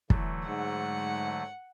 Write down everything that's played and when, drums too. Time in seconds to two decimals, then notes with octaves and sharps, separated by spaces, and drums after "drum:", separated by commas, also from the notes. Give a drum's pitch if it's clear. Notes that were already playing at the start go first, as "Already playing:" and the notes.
0.10 D3 E3 F#3 A3, drum: kick
0.47 G#2 F#5